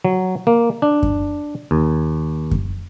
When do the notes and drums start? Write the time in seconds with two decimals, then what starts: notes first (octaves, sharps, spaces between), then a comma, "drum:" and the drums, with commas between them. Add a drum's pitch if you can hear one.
0.05 F#3
0.47 A#3
0.82 D4
1.03 drum: kick F#2
1.71 D#2
2.51 drum: kick F#2